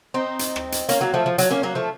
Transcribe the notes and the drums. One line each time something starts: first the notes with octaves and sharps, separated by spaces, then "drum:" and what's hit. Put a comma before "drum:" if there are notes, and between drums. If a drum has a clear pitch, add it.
C4 D#4
drum: hi-hat
drum: rim click
drum: hi-hat
A#3 C#4, drum: hi-hat
F#3 A#3
F3 A3
F3
F#3, drum: hi-hat
A#3 C#4
F#3 A#3
F3 A3